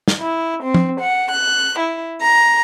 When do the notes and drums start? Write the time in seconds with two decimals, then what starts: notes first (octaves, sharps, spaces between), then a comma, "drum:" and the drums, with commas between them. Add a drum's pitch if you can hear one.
0.08 drum: snare
0.19 E4
0.62 C4
0.74 drum: tom F3
0.99 F#5
1.30 F#6
1.77 E4
2.20 A#5